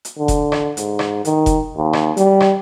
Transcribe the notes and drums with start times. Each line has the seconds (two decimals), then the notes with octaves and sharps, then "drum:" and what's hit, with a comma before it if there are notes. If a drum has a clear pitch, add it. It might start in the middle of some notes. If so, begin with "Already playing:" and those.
0.05 drum: hi-hat
0.19 D3
0.28 drum: kick F1, hi-hat
0.52 drum: rim click
0.77 G#2, drum: hi-hat
0.99 drum: rim click
1.25 D#3, drum: hi-hat
1.46 drum: kick F1, hi-hat
1.77 D#2
1.93 drum: rim click
2.17 G3, drum: hi-hat
2.40 drum: rim click